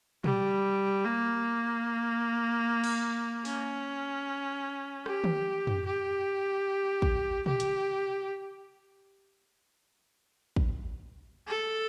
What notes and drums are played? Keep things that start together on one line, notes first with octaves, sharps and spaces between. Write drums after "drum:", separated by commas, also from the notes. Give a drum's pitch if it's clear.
G3, drum: tom
A#3
drum: cymbal
C#4, drum: open hi-hat
G4, drum: rim click
drum: tom
drum: tom
G4
drum: kick
G4, drum: tom
drum: hi-hat
drum: kick
A4